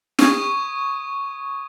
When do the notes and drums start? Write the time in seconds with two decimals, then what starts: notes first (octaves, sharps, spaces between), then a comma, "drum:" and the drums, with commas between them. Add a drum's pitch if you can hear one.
0.19 C#6 D#6 G#6 D#7, drum: snare